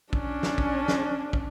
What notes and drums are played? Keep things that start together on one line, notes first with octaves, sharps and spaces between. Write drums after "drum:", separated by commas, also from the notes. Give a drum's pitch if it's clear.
C#4 D4, drum: kick
drum: snare
drum: kick
drum: snare
drum: kick